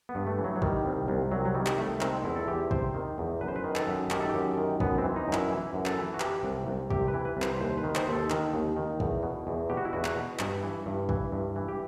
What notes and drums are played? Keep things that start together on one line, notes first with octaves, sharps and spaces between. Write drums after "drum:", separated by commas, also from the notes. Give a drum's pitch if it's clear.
B3
G2
A3
E3
F#3
F#3
D#3 G3, drum: kick
C2
C2
C3 F#3
F#3
D#3 G3
drum: clap
C2 A3
D#3 C4, drum: clap
E2 E4
A4
E2 G4
C3 C5, drum: kick
D#3
E2
F#2 B4
C5
B4
D#3
A4, drum: clap
F#2
D#3 G4, drum: clap
A4
F#2 G4
D#3
F#2 B3, drum: kick
C4
E3
D#4
F#2
E4, drum: clap
E3
F#2
A4, drum: clap
E3
F#4
E3 G4, drum: clap
C2
C2
C3 G4, drum: kick
B4
E3
B4
C2
C5, drum: clap
D#2 C5
B4
D#3
C5, drum: clap
D#2
A4
D#3, drum: clap
D#2
D#3
E2, drum: kick
B2
E2
B2 G4
F#4
E4
E2 F#4
drum: clap
B2
G2, drum: clap
E3
G2
E3, drum: kick
G2
E3
G4